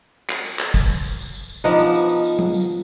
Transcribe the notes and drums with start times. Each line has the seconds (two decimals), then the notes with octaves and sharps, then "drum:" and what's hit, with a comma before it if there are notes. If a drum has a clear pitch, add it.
0.29 drum: clap
0.44 drum: tambourine
0.59 drum: clap
0.74 drum: kick, tambourine
0.89 drum: tambourine
1.04 drum: tambourine
1.19 drum: tambourine
1.34 drum: tambourine
1.49 drum: tambourine
1.64 F3 B3 D4 D#4, drum: tambourine
1.79 drum: tambourine
1.94 drum: tambourine
2.09 drum: tambourine
2.24 drum: tambourine
2.39 drum: tom
2.54 drum: tambourine